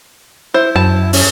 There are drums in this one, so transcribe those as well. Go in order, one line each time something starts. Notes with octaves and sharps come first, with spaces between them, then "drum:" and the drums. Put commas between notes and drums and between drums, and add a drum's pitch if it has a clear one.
E4 C5
F#2 A5
C#4, drum: open hi-hat